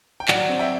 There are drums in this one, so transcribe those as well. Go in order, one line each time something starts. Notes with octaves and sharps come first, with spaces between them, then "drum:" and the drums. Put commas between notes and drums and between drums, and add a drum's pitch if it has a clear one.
G5
F#3 D5 F#5, drum: clap
C4
E5 G5